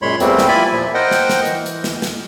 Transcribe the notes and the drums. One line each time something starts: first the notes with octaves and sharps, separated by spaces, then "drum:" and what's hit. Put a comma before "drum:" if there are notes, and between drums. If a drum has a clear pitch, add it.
F#2 A#2 G#3 C#5 B5 C6
E2 E3 G3 A3 A#3 C4, drum: hi-hat
drum: snare
E4 F4 D5 E5 G#5 B5
A#2 F3
A#4 C5 D#5 F#5 G5
drum: snare
drum: snare
E3, drum: hi-hat
drum: hi-hat
drum: snare
drum: snare